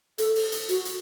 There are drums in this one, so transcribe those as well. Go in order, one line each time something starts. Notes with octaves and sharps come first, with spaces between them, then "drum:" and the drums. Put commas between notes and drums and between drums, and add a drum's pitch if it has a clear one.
A4, drum: hi-hat
drum: open hi-hat
drum: hi-hat
F#4, drum: hi-hat
drum: hi-hat